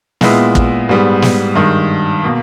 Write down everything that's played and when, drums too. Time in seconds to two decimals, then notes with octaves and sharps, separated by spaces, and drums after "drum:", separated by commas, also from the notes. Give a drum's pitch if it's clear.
0.21 A#2 G#3 B3 E4, drum: snare
0.55 drum: kick
0.89 G#2 G3 B3
1.22 drum: snare
1.55 G2 D#3 G#3
2.24 B2 A#3